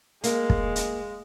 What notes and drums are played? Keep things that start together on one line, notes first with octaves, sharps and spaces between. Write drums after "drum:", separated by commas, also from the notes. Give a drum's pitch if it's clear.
G#3 A#3, drum: hi-hat
drum: kick
drum: hi-hat